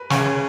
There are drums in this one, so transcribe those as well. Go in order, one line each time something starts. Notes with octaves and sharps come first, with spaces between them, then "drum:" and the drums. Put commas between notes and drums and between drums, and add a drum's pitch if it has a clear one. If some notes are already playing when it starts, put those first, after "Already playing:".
Already playing: A#4 B4
C#3 C#5, drum: snare
B4